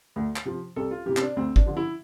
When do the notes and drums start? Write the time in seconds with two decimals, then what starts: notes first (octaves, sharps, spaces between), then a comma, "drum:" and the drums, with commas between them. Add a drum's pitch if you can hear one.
0.16 D2
0.36 drum: clap
0.45 C3 F3
0.76 C2 A4
0.91 F4
1.06 C3 E3 G4
1.17 C4, drum: clap
1.21 D4
1.36 D2 C4
1.56 D4, drum: kick
1.66 D3 F3
1.77 E4